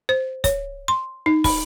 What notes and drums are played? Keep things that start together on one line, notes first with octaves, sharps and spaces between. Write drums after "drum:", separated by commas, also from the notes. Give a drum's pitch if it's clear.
C5
C#5, drum: kick, hi-hat
C6
D#4
B5, drum: kick, open hi-hat